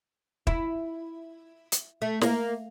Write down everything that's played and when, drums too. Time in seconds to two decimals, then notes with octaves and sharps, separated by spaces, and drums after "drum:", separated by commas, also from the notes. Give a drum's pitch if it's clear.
0.47 E4, drum: kick
1.72 drum: hi-hat
2.02 A3
2.21 A#3, drum: snare